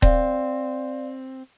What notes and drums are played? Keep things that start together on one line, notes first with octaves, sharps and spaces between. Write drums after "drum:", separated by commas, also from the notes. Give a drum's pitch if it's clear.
C4 D5 F5, drum: kick D#1